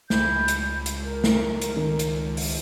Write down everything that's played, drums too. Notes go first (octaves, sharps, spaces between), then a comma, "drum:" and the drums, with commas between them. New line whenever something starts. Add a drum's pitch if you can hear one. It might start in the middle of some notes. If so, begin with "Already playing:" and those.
C#2 B5 G6, drum: snare
drum: hi-hat
drum: hi-hat
A#4
drum: snare
drum: hi-hat
D#3
drum: hi-hat
drum: open hi-hat